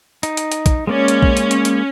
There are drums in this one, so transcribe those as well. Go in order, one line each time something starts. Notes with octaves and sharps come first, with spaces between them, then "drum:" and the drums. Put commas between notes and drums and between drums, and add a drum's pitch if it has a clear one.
D#4, drum: hi-hat
drum: hi-hat
drum: hi-hat
drum: kick, hi-hat
G#3 A#3 C#4 D5
drum: hi-hat
drum: kick
drum: hi-hat
drum: hi-hat
drum: hi-hat